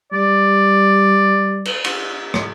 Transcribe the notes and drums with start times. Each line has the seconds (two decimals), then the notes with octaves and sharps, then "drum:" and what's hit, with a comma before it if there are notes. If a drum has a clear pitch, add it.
0.13 G3 D5
1.65 drum: cymbal
1.84 drum: cymbal
2.34 drum: rim click